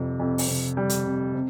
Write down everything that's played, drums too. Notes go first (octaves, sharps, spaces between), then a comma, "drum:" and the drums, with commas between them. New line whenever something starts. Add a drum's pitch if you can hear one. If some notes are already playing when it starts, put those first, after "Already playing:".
Already playing: F2 C3 G3
F2
drum: open hi-hat
C3
G3
drum: hi-hat
C3
C3